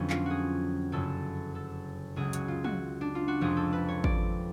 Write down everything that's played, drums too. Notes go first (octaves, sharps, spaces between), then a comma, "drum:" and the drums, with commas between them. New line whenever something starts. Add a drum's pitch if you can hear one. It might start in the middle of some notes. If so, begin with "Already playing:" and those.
Already playing: F2 D3 F#3 B3 C#4
F4, drum: clap
F#4 G#4
F#1 F#2 C#3 A4
A4
C#2 C#3 F#3 G#4
F#4, drum: hi-hat
F4
F#4, drum: tom
D4
F4
F#4
F1 F2 F3 G#4
A4
B4
C#5
D5, drum: kick